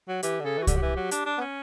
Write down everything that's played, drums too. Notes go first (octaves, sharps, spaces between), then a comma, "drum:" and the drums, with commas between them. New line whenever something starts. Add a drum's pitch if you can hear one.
F#3
E3 G4, drum: hi-hat
D3
C#3 A4
E3 F#4
D3 G4, drum: kick C2, hi-hat
F#3
E3
F#3
D4, drum: hi-hat
D4
B3
C#4